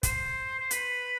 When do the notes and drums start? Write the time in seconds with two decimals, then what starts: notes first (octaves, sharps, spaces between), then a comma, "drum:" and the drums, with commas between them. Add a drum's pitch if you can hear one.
0.03 C5, drum: kick, hi-hat
0.59 C5
0.71 B4, drum: hi-hat